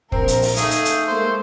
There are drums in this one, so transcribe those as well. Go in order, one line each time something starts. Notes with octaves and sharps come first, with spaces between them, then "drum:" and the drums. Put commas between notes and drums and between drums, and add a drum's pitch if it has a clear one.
A#1 F3 C4 A#4, drum: kick
drum: hi-hat
drum: open hi-hat
A3 D#4 G#4 A4 F5 G6, drum: hi-hat
drum: hi-hat
drum: hi-hat
G#3 A#3 C5